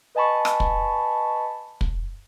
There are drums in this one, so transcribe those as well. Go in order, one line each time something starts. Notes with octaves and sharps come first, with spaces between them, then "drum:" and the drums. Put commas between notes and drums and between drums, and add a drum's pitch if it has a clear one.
B4 D#5 G#5 A5 B5 C#6
drum: rim click
drum: kick
drum: kick